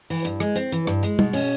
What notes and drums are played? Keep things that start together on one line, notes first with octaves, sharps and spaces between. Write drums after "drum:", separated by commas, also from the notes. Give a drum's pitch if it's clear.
E3, drum: open hi-hat
G2, drum: hi-hat
G#3, drum: rim click
C4, drum: hi-hat
E3, drum: hi-hat
G2, drum: rim click
G#3, drum: hi-hat
B2, drum: tom
C#4, drum: open hi-hat